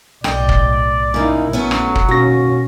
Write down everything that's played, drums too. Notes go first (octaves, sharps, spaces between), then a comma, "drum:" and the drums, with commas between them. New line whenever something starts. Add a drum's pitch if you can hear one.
B1 A2 D5 D#5 G5, drum: rim click
drum: kick
C#3 A#3 D#4 E4
A#1 F#3 A3 B3 C#4
drum: rim click
drum: kick
D#2 B2 C#4 F#4 A#6